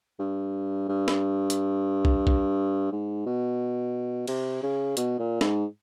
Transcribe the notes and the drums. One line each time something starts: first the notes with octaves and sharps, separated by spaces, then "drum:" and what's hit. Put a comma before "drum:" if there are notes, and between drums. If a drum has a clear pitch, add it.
G2
G2
drum: snare
drum: hi-hat
drum: kick
drum: kick
G#2
B2
C3, drum: cymbal
C#3
B2, drum: hi-hat
A#2
G#2, drum: snare